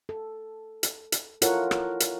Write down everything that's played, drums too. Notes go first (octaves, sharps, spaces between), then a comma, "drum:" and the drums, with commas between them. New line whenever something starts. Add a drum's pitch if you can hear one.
A4
drum: hi-hat
drum: hi-hat
E4 F4 A4 A#4 C#5 F#5, drum: hi-hat
drum: rim click
drum: hi-hat